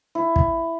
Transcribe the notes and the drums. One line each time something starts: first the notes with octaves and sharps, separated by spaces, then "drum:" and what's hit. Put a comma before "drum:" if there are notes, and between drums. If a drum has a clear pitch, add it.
E4
drum: kick